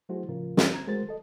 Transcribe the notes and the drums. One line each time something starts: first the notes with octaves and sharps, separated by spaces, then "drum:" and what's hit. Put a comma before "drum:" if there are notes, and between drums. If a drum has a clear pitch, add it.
F#3 A3 E4 F#4 G#4 C5
A2 C#3 F3 F4 A#4
drum: snare
C4 A#5 G#6
G#3 A3 F#4 A#4 C5 A6
A4 D#5